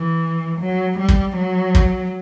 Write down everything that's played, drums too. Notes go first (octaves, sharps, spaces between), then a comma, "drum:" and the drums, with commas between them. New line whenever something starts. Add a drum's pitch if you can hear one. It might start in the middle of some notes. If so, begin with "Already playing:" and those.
Already playing: E3
F#3
G3
drum: kick
F#3
drum: kick